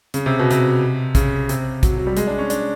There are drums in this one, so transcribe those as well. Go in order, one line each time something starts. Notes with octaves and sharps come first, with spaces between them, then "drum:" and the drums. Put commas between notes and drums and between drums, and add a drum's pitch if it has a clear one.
C#3, drum: hi-hat
C3
B2
C3, drum: hi-hat
C#3, drum: kick, hi-hat
C3, drum: hi-hat
F#3, drum: kick, hi-hat
F#3
G3
G#3, drum: hi-hat
D4
C#4
D4, drum: hi-hat